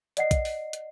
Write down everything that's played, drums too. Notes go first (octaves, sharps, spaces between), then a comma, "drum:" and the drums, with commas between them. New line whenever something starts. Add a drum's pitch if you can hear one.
D5 D#5 F#5 C7, drum: hi-hat
drum: kick, hi-hat
drum: open hi-hat
drum: hi-hat